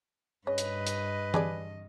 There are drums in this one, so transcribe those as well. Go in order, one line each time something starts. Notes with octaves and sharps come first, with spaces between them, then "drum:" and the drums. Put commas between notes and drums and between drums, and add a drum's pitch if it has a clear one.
G2 C#3 B4 C#5 D#5
drum: hi-hat
drum: hi-hat
G4 G#4 D5 A5, drum: tom E3